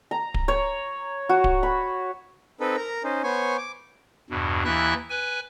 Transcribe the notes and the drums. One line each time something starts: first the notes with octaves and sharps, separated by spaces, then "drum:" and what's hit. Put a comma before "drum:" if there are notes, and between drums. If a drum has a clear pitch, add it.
A#5
drum: kick D1
C#5
F#4
drum: kick D1
B5
C4 D#4 A4 B4
A#4 A#5
C#4 D#4 C5
B3 C5 C#5 G#5 C#6
D6
E2 G2 B2
D#2 E3 E4 E5 F#6
B4 G#5